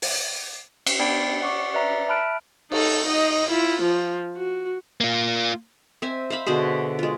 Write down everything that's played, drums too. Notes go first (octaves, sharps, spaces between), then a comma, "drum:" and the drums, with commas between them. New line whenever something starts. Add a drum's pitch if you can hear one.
drum: open hi-hat
drum: cymbal
B3 D4 D5 G5 B5 D7
D5 F#5 C#6 D6
B4 D5 E5 A#5
E5 A5 B5 F6 F#6 D7
D#4 A4, drum: cymbal
D#4 D#5
E4 F4
F3
F#4
A#3 F4
C4 E5 G#5
C5 E5 F5 B5
B2 D3 G#4 C5
G#3 F4